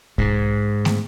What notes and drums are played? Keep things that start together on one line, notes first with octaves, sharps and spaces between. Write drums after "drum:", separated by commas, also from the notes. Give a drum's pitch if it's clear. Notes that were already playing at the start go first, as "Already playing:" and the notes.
G#2, drum: kick
drum: snare